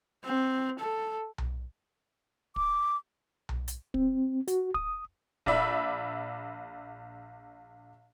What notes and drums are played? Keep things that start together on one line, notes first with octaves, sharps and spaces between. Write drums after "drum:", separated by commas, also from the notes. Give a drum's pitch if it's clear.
C4
A4
drum: tom B1
D6, drum: kick
drum: tom B1
drum: hi-hat
C4, drum: kick
F#4, drum: hi-hat
D#6, drum: kick
A#1 D5 E5 B5, drum: kick